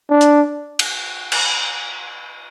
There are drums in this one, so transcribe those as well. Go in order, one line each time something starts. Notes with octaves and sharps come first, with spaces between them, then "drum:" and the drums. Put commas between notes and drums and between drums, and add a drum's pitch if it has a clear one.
D4
drum: hi-hat
drum: cymbal
drum: cymbal